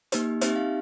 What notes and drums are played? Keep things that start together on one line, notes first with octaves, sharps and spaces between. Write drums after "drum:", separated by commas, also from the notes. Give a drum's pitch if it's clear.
A#3 D#4 G4, drum: hi-hat
C4 D#4 G4 E5, drum: hi-hat
F5